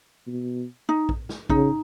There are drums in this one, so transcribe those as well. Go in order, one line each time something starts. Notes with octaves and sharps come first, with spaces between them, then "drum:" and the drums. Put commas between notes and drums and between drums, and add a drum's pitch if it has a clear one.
B2
D#4
drum: kick A#1
drum: snare
C#3 D#4, drum: kick A#1